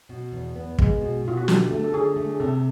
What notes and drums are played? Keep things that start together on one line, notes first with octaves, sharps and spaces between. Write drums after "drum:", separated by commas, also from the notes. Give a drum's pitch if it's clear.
B2
E2
B3
G#3, drum: kick
B2
B2 F4
F#4
D3 G4, drum: snare
A3
A4
D3 G#4
A3
G#4
C3 A4